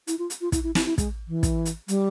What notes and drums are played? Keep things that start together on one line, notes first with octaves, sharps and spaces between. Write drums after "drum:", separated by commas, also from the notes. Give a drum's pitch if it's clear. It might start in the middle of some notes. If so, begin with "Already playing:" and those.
E4, drum: hi-hat
F4
drum: hi-hat
F4
E4, drum: kick, hi-hat
E4
E4, drum: snare
E4
G#3, drum: kick, hi-hat
E3
drum: kick, hi-hat
drum: hi-hat
G3, drum: hi-hat